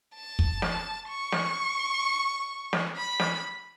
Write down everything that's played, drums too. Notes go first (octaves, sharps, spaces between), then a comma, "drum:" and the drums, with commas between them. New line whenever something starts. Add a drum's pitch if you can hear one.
A5
drum: kick
drum: snare
C#6
drum: snare
drum: snare
B5
drum: snare